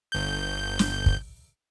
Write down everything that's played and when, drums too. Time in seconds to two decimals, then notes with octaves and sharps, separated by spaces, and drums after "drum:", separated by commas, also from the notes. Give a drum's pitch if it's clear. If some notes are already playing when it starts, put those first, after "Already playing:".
0.12 G1 G6
0.79 drum: snare
1.06 drum: kick